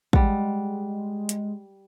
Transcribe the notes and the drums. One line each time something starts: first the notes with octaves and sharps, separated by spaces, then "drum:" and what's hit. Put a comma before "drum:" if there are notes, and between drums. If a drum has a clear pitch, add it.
G3 G#3 F#5, drum: kick
drum: hi-hat